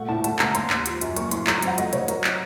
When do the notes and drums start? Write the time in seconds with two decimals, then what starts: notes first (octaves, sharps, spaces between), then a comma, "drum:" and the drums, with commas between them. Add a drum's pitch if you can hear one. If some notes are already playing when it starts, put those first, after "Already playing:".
Already playing: A#2 A3 F#5
0.09 A2 A5
0.24 A3 A5, drum: hi-hat
0.39 C#2 A#5, drum: clap
0.55 A#3 C6, drum: hi-hat
0.70 D#2, drum: clap
0.86 F3, drum: hi-hat
1.01 F#2, drum: hi-hat
1.16 A#3 C#6, drum: hi-hat
1.31 A2 C6, drum: hi-hat
1.47 F#3 A#5, drum: clap
1.57 A#5
1.62 F2 F#5, drum: hi-hat
1.78 A3 D#5, drum: hi-hat
1.93 C3 C#5, drum: hi-hat
2.08 F#3 A#4, drum: hi-hat
2.24 drum: clap